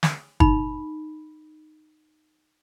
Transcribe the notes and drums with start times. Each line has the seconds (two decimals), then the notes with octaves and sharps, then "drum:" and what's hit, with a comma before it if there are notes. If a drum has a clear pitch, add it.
0.03 drum: snare
0.40 D#4 B5, drum: kick